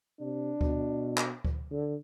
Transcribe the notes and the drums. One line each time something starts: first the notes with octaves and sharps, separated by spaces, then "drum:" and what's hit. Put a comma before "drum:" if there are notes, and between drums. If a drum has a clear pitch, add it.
C3 D4
B2, drum: kick D2
drum: clap
drum: kick D2
D3